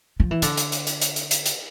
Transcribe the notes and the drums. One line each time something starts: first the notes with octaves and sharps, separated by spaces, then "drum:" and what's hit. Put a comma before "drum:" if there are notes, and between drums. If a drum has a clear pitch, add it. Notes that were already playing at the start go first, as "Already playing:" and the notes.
F3
E3
D3, drum: hi-hat
drum: hi-hat
drum: hi-hat
drum: hi-hat
drum: hi-hat
drum: hi-hat
drum: hi-hat
drum: hi-hat